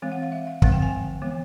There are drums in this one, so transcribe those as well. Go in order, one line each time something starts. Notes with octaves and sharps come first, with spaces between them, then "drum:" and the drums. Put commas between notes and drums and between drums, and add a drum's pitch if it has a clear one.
E3 G#3 C4 F5
F#5
F5
E5
F5
D3 F3 G#3 C4 F#5, drum: kick
G5
G#5
E3 G#3 B3